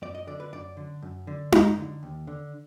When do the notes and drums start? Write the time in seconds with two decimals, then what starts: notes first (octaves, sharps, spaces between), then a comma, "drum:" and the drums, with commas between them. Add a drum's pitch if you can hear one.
0.02 F#2 D5
0.15 D#5
0.27 D3 D5
0.40 B4
0.53 F#2 D5
0.77 D3
1.02 F#2
1.27 D3
1.52 F#2 D#5, drum: tom D#4
1.77 D3
2.03 D#2
2.27 D3